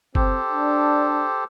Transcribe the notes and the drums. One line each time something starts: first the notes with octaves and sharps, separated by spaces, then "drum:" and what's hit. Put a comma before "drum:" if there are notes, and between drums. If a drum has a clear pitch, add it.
C4 G4 A4 C5, drum: kick F#1
D4